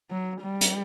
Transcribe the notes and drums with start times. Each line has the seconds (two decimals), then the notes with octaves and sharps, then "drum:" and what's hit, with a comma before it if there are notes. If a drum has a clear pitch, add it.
0.11 F#3
0.42 G3
0.61 drum: hi-hat